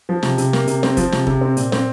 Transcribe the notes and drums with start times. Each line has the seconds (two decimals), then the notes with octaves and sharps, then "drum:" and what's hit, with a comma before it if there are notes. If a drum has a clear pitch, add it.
0.09 F3
0.23 C3, drum: snare
0.38 C3, drum: hi-hat
0.53 A#3, drum: snare
0.67 C3, drum: hi-hat
0.83 C4, drum: snare
0.97 F3, drum: kick, hi-hat
1.12 C3, drum: snare
1.27 C3, drum: kick
1.41 C4
1.57 A#2, drum: hi-hat
1.72 C4, drum: snare